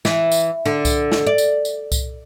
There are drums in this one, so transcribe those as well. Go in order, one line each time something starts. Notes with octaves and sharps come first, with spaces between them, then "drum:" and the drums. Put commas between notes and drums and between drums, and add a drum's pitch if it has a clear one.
E3, drum: snare
drum: tambourine
D3
drum: kick C2, tambourine
drum: snare
D5
drum: tambourine
drum: tambourine
drum: kick C2, tambourine